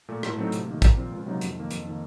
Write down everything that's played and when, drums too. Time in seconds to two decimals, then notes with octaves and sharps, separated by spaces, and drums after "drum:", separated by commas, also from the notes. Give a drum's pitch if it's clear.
0.08 A#2 A3
0.23 A2, drum: rim click
0.38 F#3 A3 C4 D#4
0.52 C3, drum: hi-hat
0.67 D#3 A#3
0.82 A#2, drum: kick, hi-hat
0.97 F3 C4 F4
1.12 C#2
1.26 C3 F#3 A#3 D#4
1.41 F2, drum: hi-hat
1.56 D#3 A#3
1.71 F2, drum: hi-hat
1.86 D#3 A#3